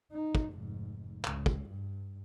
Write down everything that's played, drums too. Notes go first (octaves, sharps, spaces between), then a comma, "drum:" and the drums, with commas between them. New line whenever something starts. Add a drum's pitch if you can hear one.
D#4
drum: kick
F1 G#2
C#2, drum: clap
drum: kick
G2